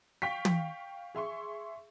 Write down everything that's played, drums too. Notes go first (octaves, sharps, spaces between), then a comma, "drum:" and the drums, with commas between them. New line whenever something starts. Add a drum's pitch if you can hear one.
F5 G5 C#6 B6
drum: tom
G#4 E5 C6 C#6